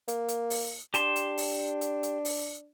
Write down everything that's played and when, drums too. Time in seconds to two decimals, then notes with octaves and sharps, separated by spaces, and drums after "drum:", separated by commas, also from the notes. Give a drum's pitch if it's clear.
0.08 A#3, drum: hi-hat
0.28 drum: hi-hat
0.50 drum: open hi-hat
0.94 D4 G4 A5 C6, drum: hi-hat
1.16 drum: hi-hat
1.37 drum: open hi-hat
1.81 drum: hi-hat
2.03 drum: hi-hat
2.25 drum: open hi-hat